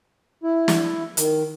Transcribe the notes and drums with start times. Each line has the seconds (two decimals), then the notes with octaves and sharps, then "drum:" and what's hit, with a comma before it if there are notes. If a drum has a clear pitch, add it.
0.43 E4
0.68 drum: snare
1.17 D#3, drum: hi-hat